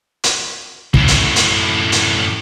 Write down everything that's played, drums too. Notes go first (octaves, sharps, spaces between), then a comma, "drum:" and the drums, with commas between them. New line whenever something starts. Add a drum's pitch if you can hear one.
drum: hi-hat
F#2 A2, drum: kick
drum: hi-hat
drum: hi-hat
drum: hi-hat